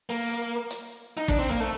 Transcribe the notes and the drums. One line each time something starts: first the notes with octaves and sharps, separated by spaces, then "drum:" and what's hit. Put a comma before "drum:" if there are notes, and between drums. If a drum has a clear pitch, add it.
A#3
drum: hi-hat
D#4
D4, drum: kick
C4
A#3
A3